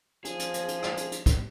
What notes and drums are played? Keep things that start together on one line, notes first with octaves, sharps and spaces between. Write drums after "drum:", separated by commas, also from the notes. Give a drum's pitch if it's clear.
F3 G#4, drum: hi-hat
drum: hi-hat
drum: hi-hat
drum: hi-hat
drum: rim click
drum: hi-hat
drum: hi-hat
drum: kick, hi-hat